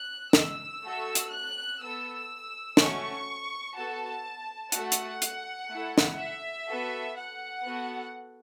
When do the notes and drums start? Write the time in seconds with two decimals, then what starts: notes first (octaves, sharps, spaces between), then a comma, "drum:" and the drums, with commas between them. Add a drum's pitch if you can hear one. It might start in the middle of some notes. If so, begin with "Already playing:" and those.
Already playing: F#6
0.33 E6, drum: snare
0.82 A3 F#4 A4
1.15 drum: hi-hat
1.32 F#6
1.79 B3 A4 E6
2.77 A3 C#4 F#4 A4 C#6, drum: snare
3.75 B3 F#4 A4 A5
4.72 A3 F#4 A4 F#5, drum: hi-hat
4.92 drum: hi-hat
5.22 drum: hi-hat
5.70 A3 E4 A4
5.98 drum: snare
6.19 E5
6.67 B3 F#4 A4
7.16 F#5
7.65 B3 F#4 A4